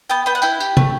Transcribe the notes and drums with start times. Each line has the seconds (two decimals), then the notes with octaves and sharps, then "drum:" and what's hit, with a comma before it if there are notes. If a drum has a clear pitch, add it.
0.10 B3 G5
0.26 B3 G5
0.35 F#5
0.42 E4 G5, drum: tambourine
0.60 G4, drum: tambourine
0.77 A3, drum: tom